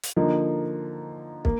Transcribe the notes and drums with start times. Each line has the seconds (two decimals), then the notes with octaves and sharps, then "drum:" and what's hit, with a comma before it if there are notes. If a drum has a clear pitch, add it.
0.03 drum: hi-hat
0.16 D3 F3 A#3 D#4
1.45 A#3, drum: kick